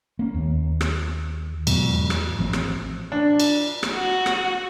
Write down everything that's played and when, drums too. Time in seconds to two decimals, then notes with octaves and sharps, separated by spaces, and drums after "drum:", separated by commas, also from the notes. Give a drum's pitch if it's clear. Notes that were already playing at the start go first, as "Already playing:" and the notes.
0.19 A#3 C#4
0.34 D#2
0.81 drum: rim click
1.67 E2 G#2 B2 F#3, drum: cymbal
2.10 drum: rim click
2.39 A1 F3 C4
2.53 drum: rim click
3.12 D4
3.40 drum: cymbal
3.83 drum: rim click
3.94 F#4
4.26 drum: rim click